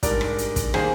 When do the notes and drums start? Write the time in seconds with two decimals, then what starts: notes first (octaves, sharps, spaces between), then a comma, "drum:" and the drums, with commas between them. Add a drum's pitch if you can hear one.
0.03 G#2 G3 D4 A#4 D5, drum: kick, hi-hat
0.21 drum: rim click
0.38 drum: hi-hat
0.56 drum: kick, hi-hat
0.74 D#3 A#3 G#4 C5, drum: rim click